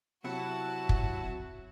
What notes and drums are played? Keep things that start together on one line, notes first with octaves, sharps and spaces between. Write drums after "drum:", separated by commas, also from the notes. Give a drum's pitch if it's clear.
C3 F#3 E4 F#4 F#5 A5
drum: kick